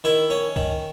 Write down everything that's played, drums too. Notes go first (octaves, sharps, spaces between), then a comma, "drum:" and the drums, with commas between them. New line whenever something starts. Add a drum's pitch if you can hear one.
D#3 E4
C#4
D#3, drum: kick